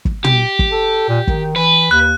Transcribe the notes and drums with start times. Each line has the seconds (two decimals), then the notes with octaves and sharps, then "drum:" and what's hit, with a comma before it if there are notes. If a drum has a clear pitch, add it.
0.05 drum: kick
0.24 G4, drum: tom
0.59 drum: kick
0.71 A4
1.09 A#2
1.27 D#3, drum: kick
1.56 E3 B4
1.91 D#2 F#6